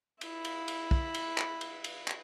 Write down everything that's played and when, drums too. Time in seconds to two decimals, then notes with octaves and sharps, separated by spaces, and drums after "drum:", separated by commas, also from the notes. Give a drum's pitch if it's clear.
0.21 E4 B5, drum: cymbal
0.45 drum: cymbal
0.68 drum: cymbal
0.91 drum: kick
1.14 drum: cymbal
1.38 drum: clap
1.61 drum: cymbal
1.84 drum: cymbal
2.08 drum: clap